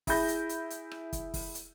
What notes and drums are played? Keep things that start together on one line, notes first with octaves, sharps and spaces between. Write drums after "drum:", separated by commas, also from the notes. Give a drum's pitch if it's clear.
E4 G#4 B5 G6 A#6, drum: kick, open hi-hat
drum: hi-hat
drum: hi-hat
drum: hi-hat
drum: rim click
drum: kick, hi-hat
drum: kick, open hi-hat
drum: hi-hat